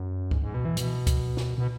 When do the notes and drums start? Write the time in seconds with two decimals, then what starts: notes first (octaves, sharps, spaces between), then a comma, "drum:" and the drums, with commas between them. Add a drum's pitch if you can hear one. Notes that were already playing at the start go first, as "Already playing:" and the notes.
Already playing: F#2
0.31 G#2, drum: kick C#2
0.42 G#2
0.54 B2
0.65 E3
0.77 B2, drum: hi-hat
1.07 drum: kick C#2, hi-hat
1.37 drum: snare
1.58 B2